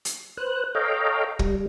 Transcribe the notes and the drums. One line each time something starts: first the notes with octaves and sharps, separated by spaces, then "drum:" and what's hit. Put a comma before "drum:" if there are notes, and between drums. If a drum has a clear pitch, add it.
drum: hi-hat
B4 C5 F#6
A4 C#5 D#5 F5 G5 A#5
G3, drum: kick